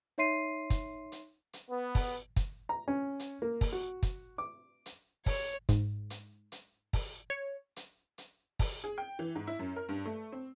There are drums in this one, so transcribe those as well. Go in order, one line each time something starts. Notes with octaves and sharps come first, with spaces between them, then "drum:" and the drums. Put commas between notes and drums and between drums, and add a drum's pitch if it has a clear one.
D#4 C#5 E5 C6 C7 D#7
drum: kick, hi-hat
drum: hi-hat
drum: hi-hat
B3
drum: kick, open hi-hat
drum: kick, hi-hat
A#5
C#4
drum: hi-hat
A#3
drum: kick, open hi-hat
F#4
drum: kick, hi-hat
D6
drum: hi-hat
C#5, drum: kick, open hi-hat
G#2, drum: kick, hi-hat
drum: hi-hat
drum: hi-hat
drum: kick, open hi-hat
C#5
drum: hi-hat
drum: hi-hat
drum: kick, open hi-hat
G#4
G5
E3
G#2
E4
F#2
A#4
G2
A3
C4